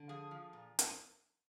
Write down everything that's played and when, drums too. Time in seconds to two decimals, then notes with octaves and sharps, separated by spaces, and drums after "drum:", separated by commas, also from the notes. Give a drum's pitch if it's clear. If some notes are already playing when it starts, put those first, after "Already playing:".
Already playing: D3
0.09 F3 G#4
0.31 F3
0.53 A#2
0.79 drum: hi-hat